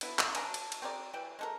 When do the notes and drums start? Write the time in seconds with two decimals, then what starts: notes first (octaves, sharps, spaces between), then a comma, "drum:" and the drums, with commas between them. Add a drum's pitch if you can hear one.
0.01 D3 B3 E4, drum: cymbal
0.19 drum: clap
0.35 D4 G#5 A#5, drum: cymbal
0.54 drum: cymbal
0.72 drum: cymbal
0.82 C4 G#4 A#4 D5
1.13 E3 G4
1.39 G#3 A4 A#4